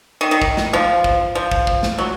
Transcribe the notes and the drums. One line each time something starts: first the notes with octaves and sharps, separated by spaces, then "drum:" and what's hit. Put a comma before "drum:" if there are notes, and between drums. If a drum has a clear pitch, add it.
D#3
D#3
drum: kick
drum: snare
F3
drum: kick
F3
drum: kick
drum: kick
drum: snare
F#3